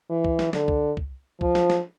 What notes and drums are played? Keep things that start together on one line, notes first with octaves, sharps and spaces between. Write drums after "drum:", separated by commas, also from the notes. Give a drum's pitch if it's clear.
E3
drum: kick
drum: snare
D3, drum: snare
drum: kick
drum: kick
F3, drum: kick
drum: snare
drum: snare